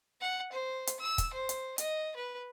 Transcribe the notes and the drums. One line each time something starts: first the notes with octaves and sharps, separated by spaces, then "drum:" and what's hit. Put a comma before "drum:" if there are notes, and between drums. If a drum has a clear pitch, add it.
F#5
C5
drum: hi-hat
E6
drum: kick, hi-hat
C5
drum: hi-hat
D#5, drum: hi-hat
B4